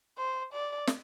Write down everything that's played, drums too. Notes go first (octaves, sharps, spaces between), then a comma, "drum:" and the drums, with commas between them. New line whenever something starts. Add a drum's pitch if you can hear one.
C5
D5
drum: snare